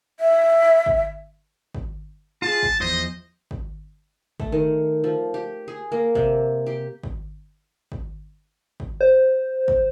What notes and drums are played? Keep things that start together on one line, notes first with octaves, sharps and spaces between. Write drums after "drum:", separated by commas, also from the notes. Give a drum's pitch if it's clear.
E5
drum: kick
drum: kick
F4 G#4 A5
drum: kick
E2 F3 C5 D#5
drum: kick
A3, drum: kick
D#3
F3
G4
G#4
A#3
C3, drum: kick
G4
drum: kick
drum: kick
drum: kick
C5
drum: kick